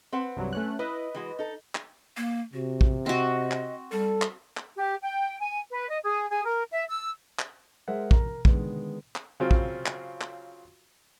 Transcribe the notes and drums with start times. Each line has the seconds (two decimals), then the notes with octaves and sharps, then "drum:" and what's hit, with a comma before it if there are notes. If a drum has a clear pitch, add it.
0.12 C4 B4 F#5
0.37 C2 G2 F#3
0.53 A3 C#4 F#6
0.79 E4 B4 D#5
1.15 E3 G#3 F#4
1.39 D#4 A4
1.75 drum: clap
2.17 A#3
2.53 C3 F#4
2.81 drum: kick
3.06 C4 F#4 D#5
3.51 drum: clap
3.92 G3 A4
4.22 drum: clap
4.57 drum: clap
4.77 G4
5.02 G5
5.40 G#5
5.71 B4
5.89 D#5
6.03 G#4
6.29 G#4
6.46 A#4
6.71 E5
6.89 E6
7.39 drum: clap
7.88 G#3 G#4 A#4 C5 E5 F#5
8.11 A#4 A#5, drum: kick
8.45 D3 D#3 G#3 B3, drum: kick
9.15 drum: clap
9.40 C#3 F#3 C4 F4
9.51 drum: kick
9.86 drum: clap
10.21 drum: clap